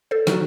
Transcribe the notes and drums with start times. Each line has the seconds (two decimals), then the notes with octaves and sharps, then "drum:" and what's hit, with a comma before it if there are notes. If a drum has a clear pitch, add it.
0.11 A4 C5
0.27 D#3 F#3, drum: snare